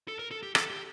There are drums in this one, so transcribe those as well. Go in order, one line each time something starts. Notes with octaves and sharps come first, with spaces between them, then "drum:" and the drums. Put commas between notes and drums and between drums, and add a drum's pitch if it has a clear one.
A4
A#4
A4
G4
A4, drum: rim click
G4